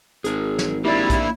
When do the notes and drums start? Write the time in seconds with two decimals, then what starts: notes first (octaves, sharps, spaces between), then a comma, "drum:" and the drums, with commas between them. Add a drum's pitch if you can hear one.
0.24 G#1 G#4 A#4, drum: hi-hat
0.59 drum: snare
0.85 A#3 D4 E4 G4 D5
1.10 drum: kick B1, hi-hat